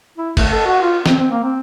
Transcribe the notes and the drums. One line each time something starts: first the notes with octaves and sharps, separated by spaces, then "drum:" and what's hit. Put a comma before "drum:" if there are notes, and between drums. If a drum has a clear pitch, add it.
E4
A3, drum: kick, cymbal
A4
F#4
F4
C4, drum: snare
C4
A#3
C4